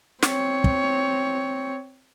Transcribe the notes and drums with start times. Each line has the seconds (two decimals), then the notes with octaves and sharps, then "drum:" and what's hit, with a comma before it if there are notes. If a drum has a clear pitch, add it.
0.23 C4 C#5, drum: snare
0.64 drum: kick